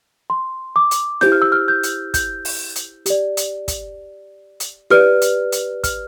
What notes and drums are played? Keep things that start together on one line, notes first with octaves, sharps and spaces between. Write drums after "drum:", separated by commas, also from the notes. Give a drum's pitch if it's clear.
C6
D6
drum: hi-hat
E4 G4 C5 G6, drum: snare E4
F6
E6
F6
G6
drum: hi-hat
G6, drum: kick, hi-hat
drum: open hi-hat
drum: hi-hat
G4 D5, drum: hi-hat
drum: hi-hat
drum: kick, hi-hat
drum: hi-hat
G4 B4 D5 F6, drum: snare E4
drum: hi-hat
drum: hi-hat
F6, drum: kick, hi-hat